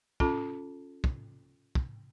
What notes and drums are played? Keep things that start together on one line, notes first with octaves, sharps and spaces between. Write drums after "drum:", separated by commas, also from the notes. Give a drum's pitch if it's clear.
C#4 F4 A4 A5, drum: kick
drum: kick
drum: kick